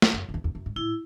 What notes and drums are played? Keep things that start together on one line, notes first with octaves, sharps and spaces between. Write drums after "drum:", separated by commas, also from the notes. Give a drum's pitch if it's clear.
drum: snare
F#2
F#2
E2
E2
F#2
G#2
A2 E4